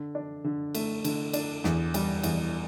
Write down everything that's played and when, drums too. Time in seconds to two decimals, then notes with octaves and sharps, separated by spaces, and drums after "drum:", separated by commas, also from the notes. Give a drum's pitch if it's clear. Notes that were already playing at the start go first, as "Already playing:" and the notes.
Already playing: D3
0.15 D4
0.44 D3
0.75 A3, drum: cymbal
1.05 D3, drum: cymbal
1.33 D4, drum: cymbal
1.64 E2, drum: snare
1.94 G3, drum: cymbal
2.23 E2, drum: cymbal